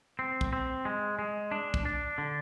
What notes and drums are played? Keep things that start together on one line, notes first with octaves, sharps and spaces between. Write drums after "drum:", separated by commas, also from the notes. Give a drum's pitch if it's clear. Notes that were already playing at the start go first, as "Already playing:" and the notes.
C4
drum: kick
C4
G#3
G#3
D4
drum: kick
D4
D3